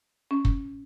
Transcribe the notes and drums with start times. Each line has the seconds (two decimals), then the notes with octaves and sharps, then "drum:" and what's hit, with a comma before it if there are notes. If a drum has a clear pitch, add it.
0.31 C#4
0.45 drum: kick